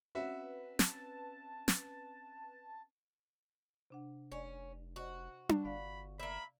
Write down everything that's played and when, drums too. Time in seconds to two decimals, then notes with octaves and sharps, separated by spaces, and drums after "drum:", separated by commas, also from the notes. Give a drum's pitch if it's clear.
0.15 C4 C#4 F#4 B4 E5
0.79 A5, drum: snare
1.68 drum: snare
3.90 C3 D4 F#5
4.32 F1 C#4
4.96 F#4 C5 D#5
5.49 drum: tom D4
5.65 G1 D5 F5 B5
6.20 A#3 E5 B5